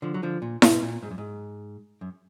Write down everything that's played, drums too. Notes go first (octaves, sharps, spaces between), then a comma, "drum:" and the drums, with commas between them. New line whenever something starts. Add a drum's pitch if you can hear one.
D3 F3
F#3
D3 F3
A#2
G#2 B2, drum: snare E4
A#2
G#2
F#2
G#2
F#2